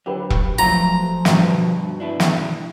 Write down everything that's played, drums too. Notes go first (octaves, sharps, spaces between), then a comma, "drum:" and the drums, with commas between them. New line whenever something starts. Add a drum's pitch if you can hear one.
D3 F#3 G4 B4
drum: kick E1
F3 F#3 A3 F4 A#5
G2 B2 D3 G3 B4, drum: snare
D4 E4 B4
drum: snare